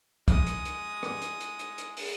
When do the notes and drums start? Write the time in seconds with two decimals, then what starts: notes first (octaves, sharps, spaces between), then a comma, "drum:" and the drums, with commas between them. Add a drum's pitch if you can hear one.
0.28 G#3 D#6, drum: kick, hi-hat
0.47 drum: hi-hat
0.65 drum: hi-hat
1.03 drum: rim click
1.22 drum: hi-hat
1.40 drum: hi-hat
1.59 drum: hi-hat
1.78 drum: hi-hat
1.97 drum: open hi-hat